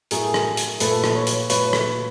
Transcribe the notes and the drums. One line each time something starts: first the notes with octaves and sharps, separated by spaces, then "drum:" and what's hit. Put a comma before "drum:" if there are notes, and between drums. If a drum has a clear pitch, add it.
A2 F#3 A3 G#4 A#4, drum: hi-hat
drum: rim click
drum: hi-hat
A#2 F3 A3 A4 B4, drum: hi-hat
drum: rim click
B4 C#5
drum: hi-hat
A#2 F#3 A3 B4 C#5, drum: hi-hat
drum: rim click